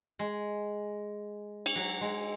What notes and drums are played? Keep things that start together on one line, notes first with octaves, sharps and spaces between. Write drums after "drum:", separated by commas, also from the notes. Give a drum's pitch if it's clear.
G#3
drum: cymbal
F#3
G#3